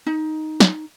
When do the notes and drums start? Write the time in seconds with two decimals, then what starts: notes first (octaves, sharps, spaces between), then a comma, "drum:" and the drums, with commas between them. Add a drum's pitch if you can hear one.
0.06 D#4
0.60 drum: snare